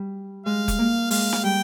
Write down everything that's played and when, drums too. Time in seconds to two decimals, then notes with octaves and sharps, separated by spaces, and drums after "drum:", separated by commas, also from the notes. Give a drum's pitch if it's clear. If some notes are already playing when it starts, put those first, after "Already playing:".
Already playing: G3
0.46 G#3 F5
0.68 drum: kick F1, hi-hat
0.79 A#3
1.10 G#3 F5, drum: open hi-hat
1.33 drum: snare
1.43 G3 G5